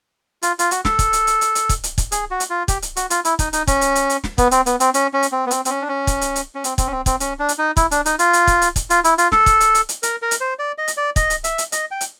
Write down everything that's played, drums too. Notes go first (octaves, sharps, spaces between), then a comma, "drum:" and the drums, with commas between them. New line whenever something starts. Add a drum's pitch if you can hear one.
F4, drum: hi-hat
F4, drum: hi-hat
F#4, drum: hi-hat
A4, drum: snare
drum: kick, hi-hat
drum: hi-hat
drum: hi-hat
drum: hi-hat
drum: hi-hat
drum: kick, hi-hat
drum: hi-hat
drum: kick, hi-hat
G#4, drum: hi-hat
F#4
drum: hi-hat
F4
G4, drum: kick, hi-hat
drum: hi-hat
F#4, drum: hi-hat
F4, drum: hi-hat
E4, drum: hi-hat
D#4, drum: kick, hi-hat
D#4, drum: hi-hat
C#4, drum: kick, hi-hat
drum: hi-hat
drum: hi-hat
drum: hi-hat
drum: snare
B3, drum: kick, hi-hat
C4, drum: hi-hat
B3, drum: hi-hat
C4, drum: hi-hat
C#4, drum: hi-hat
C#4
drum: hi-hat
C4
B3
C4, drum: hi-hat
C4, drum: hi-hat
C#4
D4
C#4
drum: kick, hi-hat
drum: hi-hat
drum: hi-hat
C#4
C4, drum: hi-hat
C4, drum: kick, hi-hat
C#4
C4
C4, drum: kick, hi-hat
C#4, drum: hi-hat
D4
drum: hi-hat
D#4
E4, drum: kick, hi-hat
D4, drum: hi-hat
D#4, drum: hi-hat
F4, drum: hi-hat
drum: hi-hat
drum: kick, hi-hat
drum: hi-hat
drum: kick, hi-hat
F4, drum: hi-hat
E4, drum: hi-hat
F4, drum: hi-hat
A4, drum: snare
drum: kick, hi-hat
drum: hi-hat
drum: hi-hat
drum: hi-hat
A#4, drum: hi-hat
A#4
drum: hi-hat
C5
D5
D#5
drum: hi-hat
D5
D#5, drum: kick, hi-hat
drum: hi-hat
E5, drum: hi-hat
drum: hi-hat
D#5, drum: hi-hat
G5
drum: hi-hat